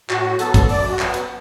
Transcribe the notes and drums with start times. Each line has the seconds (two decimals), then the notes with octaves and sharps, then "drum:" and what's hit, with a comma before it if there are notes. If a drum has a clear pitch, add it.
0.10 A2 F#4, drum: clap
0.39 F#3 B3 A4, drum: hi-hat
0.54 drum: kick, hi-hat
0.69 F#2 D5, drum: open hi-hat
0.89 F#4
0.99 F#3 B3, drum: clap
1.14 drum: hi-hat